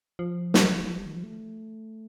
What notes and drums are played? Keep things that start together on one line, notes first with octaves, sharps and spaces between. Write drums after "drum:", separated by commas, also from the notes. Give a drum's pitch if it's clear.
F3
drum: snare
G3
F3
G3
D#3
F3
A3